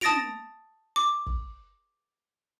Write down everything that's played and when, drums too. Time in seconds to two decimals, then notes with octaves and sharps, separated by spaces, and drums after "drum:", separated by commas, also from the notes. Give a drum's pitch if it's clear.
0.01 A5 D#6 A6 A#6 D7 F7, drum: tom
0.96 D6
1.26 drum: kick